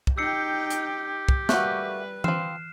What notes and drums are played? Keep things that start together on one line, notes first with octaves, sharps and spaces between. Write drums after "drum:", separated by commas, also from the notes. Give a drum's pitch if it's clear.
drum: kick
D#4 G4 G5 E6 C7 C#7
drum: hi-hat
drum: kick
G3 A3 A#3 F#4 B4 F#6, drum: snare
F3 C4 F6 C7 E7, drum: tom E3